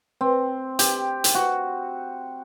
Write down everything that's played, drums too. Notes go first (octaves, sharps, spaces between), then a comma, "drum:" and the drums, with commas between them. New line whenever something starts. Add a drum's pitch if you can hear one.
C4
G4, drum: hi-hat
drum: hi-hat
F#4